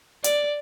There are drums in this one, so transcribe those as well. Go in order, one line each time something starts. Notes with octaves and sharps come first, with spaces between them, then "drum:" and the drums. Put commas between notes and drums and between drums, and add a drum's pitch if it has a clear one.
D5, drum: hi-hat